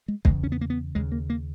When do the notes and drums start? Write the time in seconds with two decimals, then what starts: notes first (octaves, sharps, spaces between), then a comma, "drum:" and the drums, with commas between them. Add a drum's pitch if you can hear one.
0.08 G#3
0.25 E2 C#3 G#3, drum: kick
0.43 C#4
0.52 B3
0.61 A#3
0.70 B3
0.95 D#2 C#3 G#3
1.12 A#3
1.30 A#3